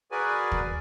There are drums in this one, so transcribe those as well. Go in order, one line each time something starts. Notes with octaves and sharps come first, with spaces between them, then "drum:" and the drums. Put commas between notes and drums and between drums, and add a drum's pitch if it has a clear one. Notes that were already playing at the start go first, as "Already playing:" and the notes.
F#4 G#4 A#4 B4 D5 G#5
drum: kick